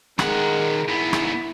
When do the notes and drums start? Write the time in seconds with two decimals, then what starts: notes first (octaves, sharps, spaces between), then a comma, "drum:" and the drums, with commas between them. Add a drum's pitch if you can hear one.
0.19 D#3 G#3 A#4 F#5, drum: rim click
0.88 G#2 B3 E4
1.13 drum: rim click